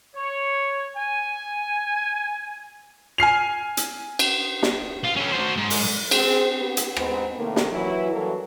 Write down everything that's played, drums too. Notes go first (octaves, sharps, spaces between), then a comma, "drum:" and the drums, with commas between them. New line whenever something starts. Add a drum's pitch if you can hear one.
C#5
G#5
G#5 F6 C7 F7
drum: hi-hat
drum: cymbal
drum: snare
F4
C#4 A4
F#4 C5
G#2
drum: open hi-hat
C4 G#4, drum: cymbal
B3 G4
drum: hi-hat
G#2 G#3 B3 C4, drum: rim click
A2 C3 D#3 A#3
drum: snare
E3 F#3 E4
F#2 E3 F#3 G3 A#3 A4